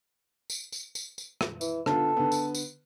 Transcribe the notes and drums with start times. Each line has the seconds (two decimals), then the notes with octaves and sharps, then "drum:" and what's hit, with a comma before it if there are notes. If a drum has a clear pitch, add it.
0.50 drum: tambourine
0.72 drum: tambourine
0.95 drum: tambourine
1.18 drum: tambourine
1.41 drum: rim click
1.61 E3, drum: tambourine
1.86 D3 B3 F4 A4, drum: rim click
2.17 D3 B3
2.32 drum: tambourine
2.54 drum: tambourine